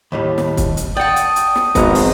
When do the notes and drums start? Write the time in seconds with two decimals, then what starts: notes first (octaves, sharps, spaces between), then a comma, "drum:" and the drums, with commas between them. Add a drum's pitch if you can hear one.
0.12 D#2 A2 G3
0.38 drum: snare
0.57 drum: kick, hi-hat
0.77 drum: hi-hat
0.97 D5 F#5 G5 A5 D#6
1.16 drum: hi-hat
1.36 drum: hi-hat
1.56 drum: snare
1.75 G#1 D#3 F3 B3 A#5, drum: kick, hi-hat
1.95 drum: open hi-hat